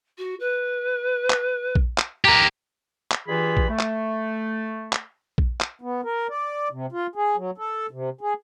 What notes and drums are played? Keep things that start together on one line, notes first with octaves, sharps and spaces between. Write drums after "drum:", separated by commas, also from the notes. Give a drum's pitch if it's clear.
F#4
B4
drum: clap
drum: kick A#1
drum: clap
G4 A#4 A#5
drum: clap
G2 E3 F4 G#4 B5
drum: kick A#1
A3
drum: clap
drum: clap
drum: kick A#1
drum: clap
B3
A#4
D5
C3
F4
G#4
F#3
A4
C3
G#4